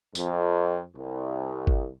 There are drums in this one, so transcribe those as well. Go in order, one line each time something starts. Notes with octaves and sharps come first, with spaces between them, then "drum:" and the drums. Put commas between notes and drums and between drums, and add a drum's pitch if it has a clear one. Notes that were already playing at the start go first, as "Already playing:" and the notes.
F2, drum: tambourine
C2
drum: kick G#1